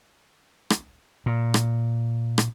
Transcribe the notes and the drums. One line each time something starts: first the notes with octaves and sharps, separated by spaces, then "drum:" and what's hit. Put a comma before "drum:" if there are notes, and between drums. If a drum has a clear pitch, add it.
drum: rim click
A#2
drum: rim click
drum: rim click